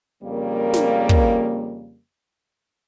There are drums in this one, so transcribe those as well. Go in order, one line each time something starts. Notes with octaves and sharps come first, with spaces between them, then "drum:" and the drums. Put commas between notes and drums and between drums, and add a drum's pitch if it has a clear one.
F2 C#3 G3 A#3
drum: snare
drum: kick